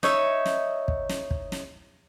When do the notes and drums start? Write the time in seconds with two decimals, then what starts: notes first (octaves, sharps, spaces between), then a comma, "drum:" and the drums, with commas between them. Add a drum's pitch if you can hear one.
0.03 D#4 C#5 E5, drum: snare
0.46 drum: snare
0.88 drum: kick
1.09 drum: snare
1.31 drum: kick
1.52 drum: snare